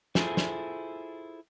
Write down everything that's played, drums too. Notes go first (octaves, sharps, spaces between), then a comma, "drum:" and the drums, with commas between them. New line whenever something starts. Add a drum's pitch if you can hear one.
E4 F4 G#4 A4 C5, drum: snare
drum: snare